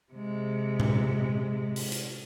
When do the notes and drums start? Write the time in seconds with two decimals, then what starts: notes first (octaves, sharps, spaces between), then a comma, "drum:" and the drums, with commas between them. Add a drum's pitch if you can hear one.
0.13 C3 G#3
0.80 drum: tom A2
1.76 drum: open hi-hat
1.92 drum: hi-hat